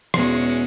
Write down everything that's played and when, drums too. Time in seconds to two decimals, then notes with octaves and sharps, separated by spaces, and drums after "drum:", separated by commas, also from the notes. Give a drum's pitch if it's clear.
0.14 E2 B2 G#3 C#4 F#4, drum: rim click